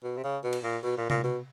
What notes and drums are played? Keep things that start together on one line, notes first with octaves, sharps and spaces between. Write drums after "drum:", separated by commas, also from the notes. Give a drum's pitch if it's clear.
B2
C3
C#3
B2
drum: cymbal
A#2
B2
A#2
A#2, drum: tom C3
B2